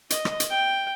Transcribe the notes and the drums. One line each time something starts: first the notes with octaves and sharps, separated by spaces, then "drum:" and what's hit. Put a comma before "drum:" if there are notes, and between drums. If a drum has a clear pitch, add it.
D#5, drum: hi-hat
drum: rim click
drum: hi-hat
G5